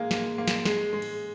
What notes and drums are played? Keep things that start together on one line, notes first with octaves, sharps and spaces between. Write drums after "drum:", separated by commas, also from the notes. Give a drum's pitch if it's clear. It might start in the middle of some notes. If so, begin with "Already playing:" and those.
Already playing: G#3 A#3
A#3, drum: snare
A#3
drum: snare
G#3, drum: snare
G#3
drum: cymbal